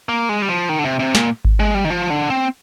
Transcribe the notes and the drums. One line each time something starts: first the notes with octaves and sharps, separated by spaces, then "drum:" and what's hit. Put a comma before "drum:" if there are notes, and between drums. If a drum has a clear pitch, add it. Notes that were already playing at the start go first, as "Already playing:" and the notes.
A#3
G#3
G3
F3
D#3
D3
C3
C3
A#2, drum: snare
drum: kick G#1
G#3
G3
D#3
F3
D3
C4